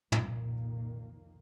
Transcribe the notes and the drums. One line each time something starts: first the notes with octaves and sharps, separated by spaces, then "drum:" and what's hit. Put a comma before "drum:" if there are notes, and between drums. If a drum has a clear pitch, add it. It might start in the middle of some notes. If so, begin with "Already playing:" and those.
C2 F2 A#2 D#3 A#3, drum: tom